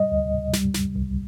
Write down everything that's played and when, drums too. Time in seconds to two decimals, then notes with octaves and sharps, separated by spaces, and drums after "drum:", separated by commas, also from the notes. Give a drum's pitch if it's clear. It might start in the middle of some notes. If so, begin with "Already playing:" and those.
Already playing: G3 D#5
0.12 D2
0.53 G3, drum: snare
0.74 drum: snare
0.96 C2